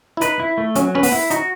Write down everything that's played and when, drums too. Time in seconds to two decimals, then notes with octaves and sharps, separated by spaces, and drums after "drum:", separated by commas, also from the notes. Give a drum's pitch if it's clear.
0.17 E4
0.21 D#4 B4, drum: hi-hat
0.40 E4
0.58 A3
0.75 F#3 C#4, drum: hi-hat
0.95 C#4 B4
1.03 B3, drum: open hi-hat
1.12 E4
1.30 D#4 F#4, drum: hi-hat